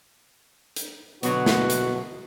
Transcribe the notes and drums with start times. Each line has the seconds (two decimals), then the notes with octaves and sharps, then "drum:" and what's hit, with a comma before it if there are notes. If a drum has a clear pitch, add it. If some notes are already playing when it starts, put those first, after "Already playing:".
0.76 drum: hi-hat
1.23 B2 D3 F#3 B3 F#4, drum: hi-hat
1.46 drum: snare
1.70 drum: hi-hat